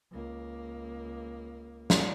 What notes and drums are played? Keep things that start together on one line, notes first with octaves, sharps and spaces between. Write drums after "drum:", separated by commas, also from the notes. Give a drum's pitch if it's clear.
C#2 A#3
drum: snare